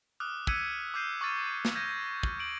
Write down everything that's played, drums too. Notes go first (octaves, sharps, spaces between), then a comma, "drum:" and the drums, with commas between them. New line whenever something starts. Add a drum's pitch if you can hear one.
D6 D#6 F6 F#6
E6 F#6 G#6 B6 C#7 D#7, drum: kick
D6 D#6 F6 G6 C7 D#7
C#6 D6 E6 F6 A6 D#7
drum: snare
F6 G6 G#6 A#6 D#7
drum: kick
D7 F#7